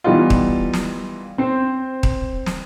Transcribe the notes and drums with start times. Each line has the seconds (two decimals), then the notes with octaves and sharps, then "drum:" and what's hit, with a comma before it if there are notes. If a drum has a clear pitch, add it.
0.04 E3 G3 B3 D#4 F4
0.30 drum: kick D#1
0.73 drum: snare
1.38 C4 C5
2.03 drum: kick D#1
2.46 drum: snare